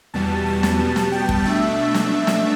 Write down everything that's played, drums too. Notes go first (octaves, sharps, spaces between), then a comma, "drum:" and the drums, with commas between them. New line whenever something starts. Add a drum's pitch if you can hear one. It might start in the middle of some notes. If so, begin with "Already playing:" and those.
E2 B2 G3 B3 A5
A5
drum: snare
B2 G3 B3
drum: snare
G5
drum: kick
B2 A3 D4 E5
drum: snare
drum: snare